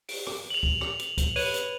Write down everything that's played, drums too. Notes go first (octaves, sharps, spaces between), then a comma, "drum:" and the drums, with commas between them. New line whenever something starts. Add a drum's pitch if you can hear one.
D7, drum: open hi-hat
drum: rim click
F7 F#7
drum: kick C#2
drum: rim click
drum: hi-hat
drum: kick C#2, hi-hat
B4 C#5 D#7, drum: open hi-hat
drum: hi-hat